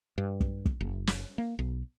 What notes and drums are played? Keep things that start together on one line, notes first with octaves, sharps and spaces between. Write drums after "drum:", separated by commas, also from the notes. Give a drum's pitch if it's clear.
G2
drum: kick
drum: kick
F#1
drum: snare
A#3
B1